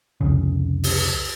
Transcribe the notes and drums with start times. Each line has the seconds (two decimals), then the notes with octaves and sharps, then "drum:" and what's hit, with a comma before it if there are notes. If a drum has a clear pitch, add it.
0.21 C2 F2 C#3
0.84 drum: open hi-hat